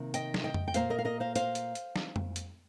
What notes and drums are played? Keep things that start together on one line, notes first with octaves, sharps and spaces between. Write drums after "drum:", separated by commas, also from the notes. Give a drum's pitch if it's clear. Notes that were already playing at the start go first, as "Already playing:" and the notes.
Already playing: C3 D#3 A#3
D#5 G5, drum: hi-hat
drum: snare
D#5 G5
drum: tom F2
G5
A#2 A#3 C5 F5, drum: hi-hat
A#4 D#5
F5
A#4 D#5
C5 F5
C5 F5, drum: hi-hat
drum: hi-hat
drum: hi-hat
drum: snare
drum: tom F2
drum: hi-hat